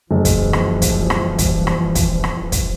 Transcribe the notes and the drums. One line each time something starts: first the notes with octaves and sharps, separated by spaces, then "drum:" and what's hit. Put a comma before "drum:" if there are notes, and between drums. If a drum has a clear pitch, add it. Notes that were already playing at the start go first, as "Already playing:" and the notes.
F#1 E3 F3 G3
drum: kick, hi-hat
drum: rim click
drum: kick, hi-hat
drum: rim click
drum: kick, hi-hat
drum: rim click
drum: kick, hi-hat
drum: rim click
drum: kick, hi-hat